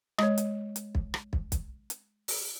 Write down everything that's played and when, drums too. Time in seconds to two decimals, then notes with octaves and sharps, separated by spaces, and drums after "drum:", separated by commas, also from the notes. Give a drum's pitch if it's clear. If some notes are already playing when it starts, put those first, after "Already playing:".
0.18 G#3 C#5, drum: rim click
0.38 drum: hi-hat
0.76 drum: hi-hat
0.95 drum: kick
1.14 drum: rim click
1.33 drum: kick
1.52 drum: kick, hi-hat
1.90 drum: hi-hat
2.28 drum: open hi-hat